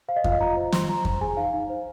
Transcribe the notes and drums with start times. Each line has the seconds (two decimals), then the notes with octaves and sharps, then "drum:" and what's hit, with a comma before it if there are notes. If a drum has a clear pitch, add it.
0.08 C5 F5
0.16 D#5
0.24 F4 F5, drum: kick F2
0.33 D#5
0.41 F4 A#5
0.56 C5
0.72 C5 C6, drum: snare
0.89 F4 A#5
1.05 C5 A#5, drum: kick F2
1.21 G#4 G#5
1.37 D#4 F5
1.53 D#4
1.70 C5